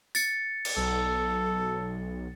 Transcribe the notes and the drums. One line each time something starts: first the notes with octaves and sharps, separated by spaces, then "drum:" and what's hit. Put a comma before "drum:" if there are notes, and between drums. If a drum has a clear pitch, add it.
A6 C#7, drum: tambourine
drum: cymbal
B1 A4